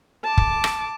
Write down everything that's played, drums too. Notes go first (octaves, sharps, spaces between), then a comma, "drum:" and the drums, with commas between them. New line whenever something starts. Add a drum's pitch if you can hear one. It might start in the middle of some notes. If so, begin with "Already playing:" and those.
A5 D6
drum: kick
drum: rim click